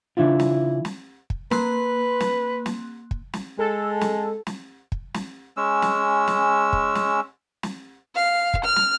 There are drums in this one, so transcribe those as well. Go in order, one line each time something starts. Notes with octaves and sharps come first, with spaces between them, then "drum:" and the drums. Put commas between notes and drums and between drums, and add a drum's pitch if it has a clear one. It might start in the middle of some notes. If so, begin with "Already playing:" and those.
C#3 E3 D4 E4 F4
drum: snare
drum: snare
drum: kick
A#3 B4 C6 F#6, drum: snare
drum: snare
drum: snare
drum: kick
drum: snare
G#3 A4
drum: snare
drum: snare
drum: kick
drum: snare
G#3 C#4 E6
drum: snare
drum: snare
drum: kick
drum: snare
drum: snare
F5
drum: kick
F6
drum: snare